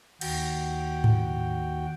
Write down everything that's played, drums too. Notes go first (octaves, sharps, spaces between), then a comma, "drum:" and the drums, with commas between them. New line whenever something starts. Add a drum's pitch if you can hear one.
D#2 F#4 G5, drum: cymbal
drum: tom G#2